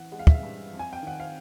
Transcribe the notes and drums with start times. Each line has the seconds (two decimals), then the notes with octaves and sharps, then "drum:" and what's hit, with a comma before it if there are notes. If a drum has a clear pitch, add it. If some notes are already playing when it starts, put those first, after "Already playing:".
Already playing: A1 E3 F#5
0.12 G#3 F#5
0.19 F5
0.27 E5, drum: kick
0.34 F5
0.43 G2
0.73 F2
0.79 G#5
0.93 G5
1.03 D#3 F#5
1.20 F5